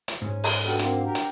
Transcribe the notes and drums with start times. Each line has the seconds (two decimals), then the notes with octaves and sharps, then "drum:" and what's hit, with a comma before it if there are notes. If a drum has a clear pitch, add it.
0.08 drum: hi-hat
0.22 G#2 C#4
0.44 drum: open hi-hat
0.65 B3 D4 F#4 G4 A4 F#5
0.79 A#3 C4, drum: hi-hat
1.05 G4 A#4
1.15 drum: hi-hat